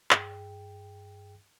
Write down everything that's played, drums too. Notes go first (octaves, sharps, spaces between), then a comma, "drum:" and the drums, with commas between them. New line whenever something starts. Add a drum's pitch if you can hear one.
G2 G#4 G5, drum: clap